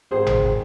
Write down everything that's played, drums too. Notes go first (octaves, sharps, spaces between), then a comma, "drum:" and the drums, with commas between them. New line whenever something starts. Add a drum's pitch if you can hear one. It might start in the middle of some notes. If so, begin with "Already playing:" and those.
G#1 G#2 D#3 G#3 C4 G#4 C5
drum: tom G#1
D#3